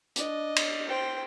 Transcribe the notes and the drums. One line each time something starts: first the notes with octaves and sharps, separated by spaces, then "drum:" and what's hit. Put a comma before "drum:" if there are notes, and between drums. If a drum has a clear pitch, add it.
D4 D#5, drum: hi-hat
drum: cymbal
C5 G5